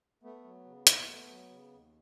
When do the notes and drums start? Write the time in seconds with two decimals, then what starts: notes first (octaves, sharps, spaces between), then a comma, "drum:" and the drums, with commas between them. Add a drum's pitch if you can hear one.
0.23 A3 B3
0.44 F#3
0.65 C#3
0.87 D#2, drum: hi-hat
1.07 A3
1.29 F#3
1.50 C#3
1.71 D#2